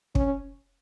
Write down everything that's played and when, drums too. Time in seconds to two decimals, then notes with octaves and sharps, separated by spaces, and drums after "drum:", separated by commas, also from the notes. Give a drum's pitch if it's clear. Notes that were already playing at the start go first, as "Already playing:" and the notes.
0.15 C#4, drum: kick